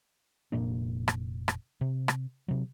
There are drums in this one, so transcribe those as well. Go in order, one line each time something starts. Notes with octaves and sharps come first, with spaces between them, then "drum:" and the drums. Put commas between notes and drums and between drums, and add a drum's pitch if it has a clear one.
F1 A#2 A#3 D4
drum: rim click
drum: rim click
C3
drum: rim click
C3 F#3